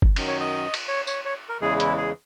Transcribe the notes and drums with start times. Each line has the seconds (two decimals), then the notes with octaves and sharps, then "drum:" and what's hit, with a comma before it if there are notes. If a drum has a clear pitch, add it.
0.02 drum: kick F#1
0.16 F#2 D#3 F#3, drum: cymbal
0.28 C#5
0.40 D#5
0.74 drum: cymbal
0.88 C#5
1.07 C#5, drum: tambourine
1.25 C#5
1.49 A#4
1.61 E2 C#3 E3 G#3 G#4
1.80 E4, drum: hi-hat
1.97 G#4